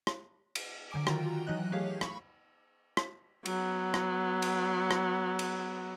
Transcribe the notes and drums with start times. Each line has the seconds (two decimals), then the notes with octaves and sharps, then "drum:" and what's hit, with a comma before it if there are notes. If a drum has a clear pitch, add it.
0.07 drum: rim click
0.55 drum: cymbal
0.91 D3 F#3 G#5 D6 D7
1.07 D#3 F4 F#4 G5 A#5, drum: rim click
1.47 E3 F#3 D#4 D#5 F#6
1.72 A3 G4 G#4 C#5 F5
2.01 B5 C#6, drum: rim click
2.97 drum: rim click
3.46 F#3 B3, drum: cymbal
3.94 drum: rim click
4.42 drum: cymbal
4.91 drum: rim click
5.39 drum: cymbal